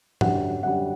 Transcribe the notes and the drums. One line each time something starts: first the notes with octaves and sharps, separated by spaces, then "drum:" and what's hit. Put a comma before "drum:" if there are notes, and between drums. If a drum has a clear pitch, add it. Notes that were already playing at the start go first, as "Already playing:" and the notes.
F#2 D3 G3 F#5, drum: tom
F#2 D3 G3 F#5